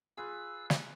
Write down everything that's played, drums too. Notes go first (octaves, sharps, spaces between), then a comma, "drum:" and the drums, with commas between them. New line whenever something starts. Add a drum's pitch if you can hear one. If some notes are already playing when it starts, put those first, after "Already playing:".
F4 G#4 B4 E6
drum: snare